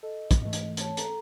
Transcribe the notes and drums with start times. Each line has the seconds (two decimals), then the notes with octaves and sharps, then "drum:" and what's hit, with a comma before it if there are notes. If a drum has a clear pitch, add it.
0.03 A4 D#5
0.31 drum: kick, hi-hat
0.42 G#2 E3 A3 D#5
0.53 drum: hi-hat
0.77 C#5 A5, drum: hi-hat
0.97 A4 A#5, drum: hi-hat